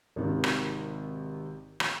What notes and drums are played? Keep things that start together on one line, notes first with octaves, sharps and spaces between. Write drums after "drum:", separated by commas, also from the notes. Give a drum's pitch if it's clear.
G#1 C3 D#3
drum: rim click
drum: rim click